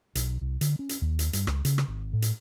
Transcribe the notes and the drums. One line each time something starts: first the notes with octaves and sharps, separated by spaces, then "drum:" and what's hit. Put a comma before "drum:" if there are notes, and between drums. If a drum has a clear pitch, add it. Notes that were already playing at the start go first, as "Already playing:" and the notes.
B1, drum: hi-hat
C2
D3, drum: hi-hat
C#4
drum: hi-hat
D#2
drum: hi-hat
G2, drum: hi-hat
C#2, drum: rim click
C#3, drum: hi-hat
drum: rim click
G#1
A2
drum: hi-hat